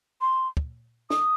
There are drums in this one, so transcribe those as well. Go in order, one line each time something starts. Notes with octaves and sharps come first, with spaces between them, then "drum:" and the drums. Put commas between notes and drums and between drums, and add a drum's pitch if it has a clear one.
C6
drum: kick
D#6, drum: snare